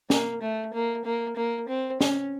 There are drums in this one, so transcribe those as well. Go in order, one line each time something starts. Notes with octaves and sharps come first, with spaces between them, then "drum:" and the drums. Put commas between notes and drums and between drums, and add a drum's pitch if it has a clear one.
A#3, drum: snare
A3
A#3
A#3
A#3
C4
C#4, drum: snare